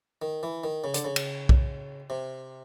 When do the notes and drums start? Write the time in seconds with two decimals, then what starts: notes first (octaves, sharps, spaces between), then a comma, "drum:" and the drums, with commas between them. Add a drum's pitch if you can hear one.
0.22 D#3
0.43 E3
0.64 D#3
0.84 C#3
0.94 D3, drum: hi-hat
1.04 C#3
1.16 drum: cymbal
1.49 drum: kick B1
2.10 C3